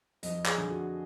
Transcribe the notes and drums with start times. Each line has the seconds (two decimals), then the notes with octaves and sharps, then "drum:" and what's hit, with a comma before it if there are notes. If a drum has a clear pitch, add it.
0.23 F2 D#5, drum: hi-hat
0.45 G#4, drum: clap
0.58 D3
0.70 F#4